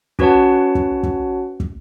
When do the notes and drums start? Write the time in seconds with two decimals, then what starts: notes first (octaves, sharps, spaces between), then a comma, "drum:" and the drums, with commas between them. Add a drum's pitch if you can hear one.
0.19 C#4 F#4 B4 C#5 F#5 A5, drum: kick
0.75 drum: kick
1.03 drum: kick
1.60 drum: kick